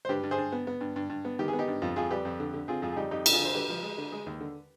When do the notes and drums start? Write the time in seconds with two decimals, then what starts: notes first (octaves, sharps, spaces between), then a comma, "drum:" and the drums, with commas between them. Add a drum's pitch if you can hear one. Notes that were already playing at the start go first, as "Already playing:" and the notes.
0.05 C5
0.09 G2 G4 B4
0.24 G2
0.31 G#4 C5
0.38 G2
0.52 B3
0.67 B3
0.81 G2
0.96 G2
1.10 G2
1.25 B3
1.39 D#3 G4
1.48 G#4
1.53 B3
1.59 D#4 G4
1.68 G2
1.82 F2 F4
1.96 F2 F4 G#4
2.11 G3 G4 B4
2.25 F2
2.40 D3
2.53 D3
2.68 C4 F4 G#4
2.82 F2 F4 G#4
2.92 G#4
2.97 G3 D#4 G4
3.11 F2 D#4 G4
3.26 D3, drum: cymbal
3.33 F4 G#4
3.40 D3
3.45 C5
3.54 D3 G4 B4
3.69 F3
3.83 G#3
3.98 D3
4.12 G#3
4.26 D#2
4.41 D3